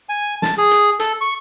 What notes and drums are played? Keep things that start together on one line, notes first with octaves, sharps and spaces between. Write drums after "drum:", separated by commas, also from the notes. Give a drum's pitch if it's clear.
G#5
A5, drum: snare
G#4
drum: hi-hat
A4, drum: hi-hat
C#6